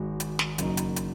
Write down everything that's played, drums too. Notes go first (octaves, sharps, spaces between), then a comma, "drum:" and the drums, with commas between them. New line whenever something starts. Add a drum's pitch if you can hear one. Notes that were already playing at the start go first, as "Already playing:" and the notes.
Already playing: G#1 G#2 G#3 D#4 F#4
drum: hi-hat
drum: snare
F#1 F#2 F#3 A#3 D#4, drum: hi-hat
drum: hi-hat
drum: hi-hat